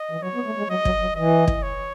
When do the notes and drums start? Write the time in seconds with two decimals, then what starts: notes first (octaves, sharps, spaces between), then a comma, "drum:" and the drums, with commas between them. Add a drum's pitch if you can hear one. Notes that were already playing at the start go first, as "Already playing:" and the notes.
Already playing: D#5
0.11 E3
0.23 F#3 C#5
0.35 B3
0.46 A3
0.58 G#3
0.70 F#3 D#5
0.85 F#3, drum: kick
1.01 F#3
1.16 E3 D#5
1.48 drum: kick
1.63 C#5